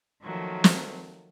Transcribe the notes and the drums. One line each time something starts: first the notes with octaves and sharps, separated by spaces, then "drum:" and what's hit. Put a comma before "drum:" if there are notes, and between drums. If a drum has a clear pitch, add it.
D#3 F3 F#3 A3 A#3
drum: snare